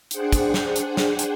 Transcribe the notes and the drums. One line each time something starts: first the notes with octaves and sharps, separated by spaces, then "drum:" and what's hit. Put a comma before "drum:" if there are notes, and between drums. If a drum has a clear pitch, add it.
D4 G#4 C5 F#5 G5, drum: hi-hat
drum: kick, hi-hat
drum: snare
drum: hi-hat
drum: snare
drum: hi-hat